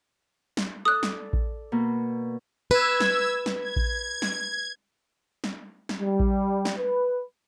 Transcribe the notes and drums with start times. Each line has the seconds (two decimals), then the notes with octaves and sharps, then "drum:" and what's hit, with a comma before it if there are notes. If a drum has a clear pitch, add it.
0.57 drum: snare
0.85 A4 D5 D#6 F#6
1.03 drum: snare
1.33 drum: kick A1
1.72 B2 A#3
2.71 B4 E6 G#6
3.00 drum: snare
3.46 drum: snare
3.61 G#6
3.76 drum: kick A1
4.22 drum: snare
5.44 drum: snare
5.89 drum: snare
6.00 G3
6.20 drum: kick A1
6.65 drum: snare
6.79 B4